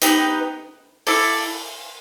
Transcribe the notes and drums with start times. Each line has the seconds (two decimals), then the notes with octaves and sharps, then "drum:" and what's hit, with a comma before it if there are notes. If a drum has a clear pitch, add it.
0.02 B3 D#4 G4 B4, drum: hi-hat
1.07 E4 A4 D5, drum: open hi-hat